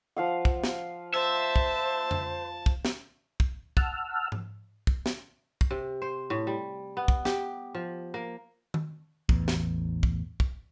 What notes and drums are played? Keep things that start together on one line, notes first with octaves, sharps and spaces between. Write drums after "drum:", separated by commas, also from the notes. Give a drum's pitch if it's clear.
F3 F5 F#5
drum: kick
drum: snare
C5 E5 A5
drum: kick
drum: tom F2
drum: kick
drum: snare
drum: kick
F#5 A5 E6 F6, drum: kick
drum: tom G#2
drum: kick
drum: snare
drum: kick
C3
C5
A2
G3
B3
drum: kick
G4, drum: snare
F3
A#3
drum: tom D#3
A1 E2, drum: kick
drum: snare
drum: kick
drum: kick